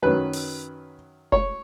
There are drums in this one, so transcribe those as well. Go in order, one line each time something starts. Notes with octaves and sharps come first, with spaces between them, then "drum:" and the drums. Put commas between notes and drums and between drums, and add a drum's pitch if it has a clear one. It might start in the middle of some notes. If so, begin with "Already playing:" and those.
F#2 D#3 F#3 B4
drum: open hi-hat
C#5, drum: kick F1